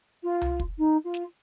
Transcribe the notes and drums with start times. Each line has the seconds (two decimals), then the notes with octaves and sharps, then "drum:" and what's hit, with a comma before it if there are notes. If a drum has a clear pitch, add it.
0.23 F4
0.41 drum: tom C2
0.60 drum: kick
0.78 D#4
1.04 F4
1.14 drum: snare